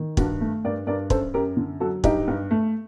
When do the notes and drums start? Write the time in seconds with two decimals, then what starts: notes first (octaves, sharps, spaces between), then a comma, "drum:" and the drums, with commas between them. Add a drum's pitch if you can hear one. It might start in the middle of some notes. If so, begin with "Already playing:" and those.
Already playing: D#3
0.17 G2 D4 F#4, drum: kick
0.41 A3
0.64 G2 A#4 D5
0.87 G2 A#4 D5
1.10 F#2 A4 C5, drum: kick
1.34 F#2 G4 A#4
1.57 D3
1.80 F#3 F#4 A4
2.04 G2 D#4 G4, drum: kick
2.28 G2
2.51 A3